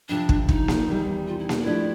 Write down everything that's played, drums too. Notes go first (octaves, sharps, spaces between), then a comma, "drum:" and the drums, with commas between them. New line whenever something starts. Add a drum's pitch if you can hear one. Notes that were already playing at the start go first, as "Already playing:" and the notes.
F2 C3 F3 D4
drum: kick
D#4, drum: kick
drum: snare A#3
E2 C3 D#3 G3
F4
E4
D#4, drum: snare A#3
E4
F3 A3 D4 G4